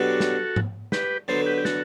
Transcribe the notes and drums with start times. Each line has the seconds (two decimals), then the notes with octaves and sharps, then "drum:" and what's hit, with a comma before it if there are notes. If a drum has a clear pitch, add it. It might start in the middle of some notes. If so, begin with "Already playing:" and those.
Already playing: B2 F#3 B3 D4 F#4 G4 A4
0.20 drum: snare
0.56 drum: tom G#2
0.92 G4 B4, drum: snare
1.28 D3 F#3 B3 A4 C5
1.46 G4 B4
1.58 G4
1.65 F#4 A4, drum: snare